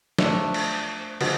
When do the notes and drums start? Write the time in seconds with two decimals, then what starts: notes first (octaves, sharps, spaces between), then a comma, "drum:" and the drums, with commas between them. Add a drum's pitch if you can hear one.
0.19 F3 A3 D4, drum: snare
0.54 drum: cymbal
1.21 D3 F3 G#3, drum: cymbal